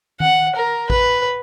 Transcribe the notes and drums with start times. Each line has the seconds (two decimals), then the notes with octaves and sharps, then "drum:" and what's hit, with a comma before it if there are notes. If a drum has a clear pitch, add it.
0.20 F#5, drum: tom D#3
0.56 A#4
0.90 B4, drum: kick A1